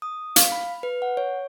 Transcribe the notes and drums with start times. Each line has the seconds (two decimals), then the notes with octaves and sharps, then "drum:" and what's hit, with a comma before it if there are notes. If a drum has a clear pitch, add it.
0.02 D#6
0.36 F5, drum: hi-hat
0.52 B5
0.83 B4
1.02 F#5
1.17 C#5